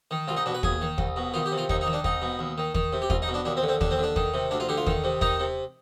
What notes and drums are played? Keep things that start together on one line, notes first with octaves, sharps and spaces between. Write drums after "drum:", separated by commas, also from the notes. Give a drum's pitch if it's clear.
D#3
C2 F4
D#4
B2 D4
B4
D#2 G#4, drum: kick
D#3
C2, drum: kick
B2
D#3 F4
G4
C3
F4
D#2 D#4, drum: kick
D#4
D#3
D4
C2 D#4, drum: kick
B2
D#2
D#3
D#3, drum: kick
C3
G4
C2 F4, drum: kick
D#4
B2
D4
D#2 D4
C4
D3
C4
D#2 D4, drum: kick
C4
D3
D4
D#3, drum: kick
C3
D2 D4
F4
D3 G4
F4
D#3, drum: kick
C3
D#3 D#4, drum: kick
C3